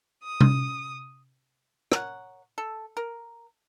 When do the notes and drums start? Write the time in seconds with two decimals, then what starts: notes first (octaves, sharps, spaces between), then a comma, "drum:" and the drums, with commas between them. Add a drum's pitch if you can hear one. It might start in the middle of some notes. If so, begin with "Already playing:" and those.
0.22 D#6
0.41 drum: tom C3
1.92 A#4 C#5 F#5, drum: rim click
2.58 A4
2.97 A#4